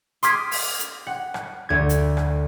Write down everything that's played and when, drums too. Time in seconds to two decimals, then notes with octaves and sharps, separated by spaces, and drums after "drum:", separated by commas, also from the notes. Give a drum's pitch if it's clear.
0.23 C6 D6 D#6 F6 G#6 B6, drum: hi-hat
0.51 drum: open hi-hat
0.79 drum: hi-hat
1.07 F#5
1.34 drum: rim click
1.69 D2 G#6
1.89 drum: hi-hat
2.17 drum: rim click